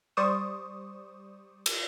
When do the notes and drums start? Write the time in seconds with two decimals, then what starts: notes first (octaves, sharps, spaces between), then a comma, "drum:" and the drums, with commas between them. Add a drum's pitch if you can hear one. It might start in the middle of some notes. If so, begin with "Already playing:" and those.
0.17 G3 C5 D5 C#6 D#6 E7
1.66 drum: cymbal